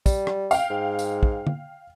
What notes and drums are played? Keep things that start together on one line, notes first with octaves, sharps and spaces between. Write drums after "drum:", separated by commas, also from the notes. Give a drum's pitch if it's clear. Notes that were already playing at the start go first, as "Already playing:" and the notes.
G3, drum: kick, tambourine
drum: rim click
F5 G5, drum: tambourine
G#2
drum: tambourine
drum: kick
drum: tom